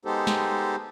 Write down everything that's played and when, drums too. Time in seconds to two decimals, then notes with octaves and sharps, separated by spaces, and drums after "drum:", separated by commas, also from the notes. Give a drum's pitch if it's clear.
0.05 G#3 B3 D#4 G4 A4 C5
0.27 drum: snare